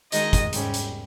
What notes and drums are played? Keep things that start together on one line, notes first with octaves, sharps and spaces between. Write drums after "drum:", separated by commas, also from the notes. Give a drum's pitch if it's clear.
D#3 G#3 D#4 D#5, drum: hi-hat
drum: kick, hi-hat
G#2 G3 C#4, drum: hi-hat
drum: hi-hat